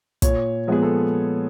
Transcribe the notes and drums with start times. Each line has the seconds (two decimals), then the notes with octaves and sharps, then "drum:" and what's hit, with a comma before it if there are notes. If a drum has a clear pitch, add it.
0.22 A#2 C#5, drum: kick, hi-hat
0.67 F3 G#3 B3 G#4
0.82 A4